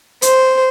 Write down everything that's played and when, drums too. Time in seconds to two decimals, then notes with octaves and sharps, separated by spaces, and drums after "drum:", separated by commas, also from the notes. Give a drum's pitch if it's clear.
0.22 C5, drum: hi-hat